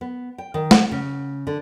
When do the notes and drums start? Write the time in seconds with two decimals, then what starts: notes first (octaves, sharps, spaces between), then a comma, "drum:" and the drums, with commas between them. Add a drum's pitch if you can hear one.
0.01 B3
0.38 G5
0.54 D#3
0.71 F#5, drum: snare
0.92 C#3
1.47 D3